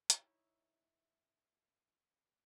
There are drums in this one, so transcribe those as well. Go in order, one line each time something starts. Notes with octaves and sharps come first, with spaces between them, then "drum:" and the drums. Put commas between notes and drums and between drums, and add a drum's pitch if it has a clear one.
D#4 E4 C#5, drum: hi-hat